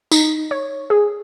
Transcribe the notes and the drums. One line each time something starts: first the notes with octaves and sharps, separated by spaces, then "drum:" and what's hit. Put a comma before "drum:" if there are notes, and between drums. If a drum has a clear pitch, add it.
D#4, drum: tambourine
C#5
G#4